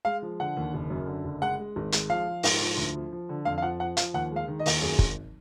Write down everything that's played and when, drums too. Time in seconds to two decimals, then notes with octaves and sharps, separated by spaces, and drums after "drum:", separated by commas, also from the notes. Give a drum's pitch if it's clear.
0.05 G#3 F5
0.22 F3
0.40 D3 F#5
0.57 D#2
0.74 F#1
0.90 F#2
1.07 D3
1.24 F#1
1.41 G#3 F#5
1.59 G#3
1.76 G#1
1.92 G#3, drum: hi-hat
2.10 F3 F5
2.27 F3
2.43 G#2, drum: open hi-hat
2.61 F3
2.78 D2
2.95 F3
3.12 F3
3.29 D3
3.45 F2 F5
3.58 F5
3.62 F3 F#5
3.80 F3 F#5
3.97 F3 F5, drum: hi-hat
4.14 D#2 F#5
4.32 G#3 F5
4.48 D#3
4.59 D#5
4.66 D#2, drum: open hi-hat
4.82 F#2 G#4
4.99 G#1, drum: kick